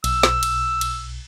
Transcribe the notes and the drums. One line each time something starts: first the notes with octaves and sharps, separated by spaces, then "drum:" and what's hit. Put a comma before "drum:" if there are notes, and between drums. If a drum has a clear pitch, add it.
B1 E6, drum: cymbal
drum: snare
drum: cymbal
drum: cymbal